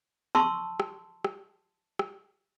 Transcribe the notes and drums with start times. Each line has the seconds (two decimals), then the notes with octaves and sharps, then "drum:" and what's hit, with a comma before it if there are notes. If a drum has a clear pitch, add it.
0.35 A5 C6 C#6 E6
0.80 drum: rim click
1.25 drum: rim click
1.99 drum: rim click